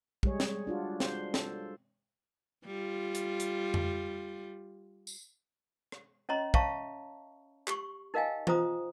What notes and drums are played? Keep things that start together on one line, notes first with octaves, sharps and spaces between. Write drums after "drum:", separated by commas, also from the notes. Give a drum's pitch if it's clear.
G3 G#3 G#4 C#5, drum: kick
drum: snare
D4 F4 F#4
C5, drum: snare
A4, drum: snare
G3 F4
drum: hi-hat
drum: hi-hat
drum: tom F2
drum: tambourine
drum: rim click
C#4 C#5 D#5 A#5 C6
C#5 E5 F5 A5 A#5 C#6, drum: kick
G4 C6 C#6, drum: clap
D#4 A#4 D#5 F5 G5 G#5
F4 C5 A#5 D#6, drum: tom E3